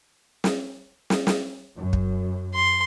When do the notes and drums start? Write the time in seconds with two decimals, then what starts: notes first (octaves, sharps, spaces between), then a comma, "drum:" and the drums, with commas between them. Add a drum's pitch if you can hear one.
0.44 drum: snare
1.10 drum: snare
1.27 drum: snare
1.76 F#2
1.93 drum: kick
2.55 C6